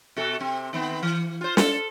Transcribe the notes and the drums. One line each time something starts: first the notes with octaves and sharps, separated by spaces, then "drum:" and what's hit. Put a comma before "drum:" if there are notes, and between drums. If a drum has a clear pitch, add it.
B2 F#4 A4
C3 C4
D#3 B3 C4
E3
F4 C5
A4, drum: snare